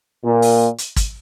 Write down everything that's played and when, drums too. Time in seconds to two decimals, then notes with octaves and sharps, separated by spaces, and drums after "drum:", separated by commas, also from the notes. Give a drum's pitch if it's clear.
0.24 A#2
0.42 drum: open hi-hat
0.78 drum: hi-hat
0.96 drum: kick G#1, hi-hat